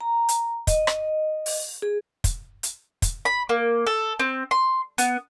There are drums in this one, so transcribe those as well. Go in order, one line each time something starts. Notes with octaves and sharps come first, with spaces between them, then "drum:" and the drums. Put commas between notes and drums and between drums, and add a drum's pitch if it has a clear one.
A#5
drum: hi-hat
D#5, drum: kick, hi-hat
drum: rim click
drum: open hi-hat
G#4
drum: kick, hi-hat
drum: hi-hat
drum: kick, hi-hat
B5
A#3
A4
C4
C6
B3, drum: hi-hat